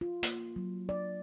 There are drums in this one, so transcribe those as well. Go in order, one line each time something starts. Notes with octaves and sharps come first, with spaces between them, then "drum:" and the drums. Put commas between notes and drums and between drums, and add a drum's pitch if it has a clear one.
F4
A#3, drum: hi-hat
F#3
D5